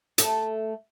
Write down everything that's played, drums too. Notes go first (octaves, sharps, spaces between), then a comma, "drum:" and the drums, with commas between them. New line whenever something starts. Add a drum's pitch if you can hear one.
A3 A4, drum: hi-hat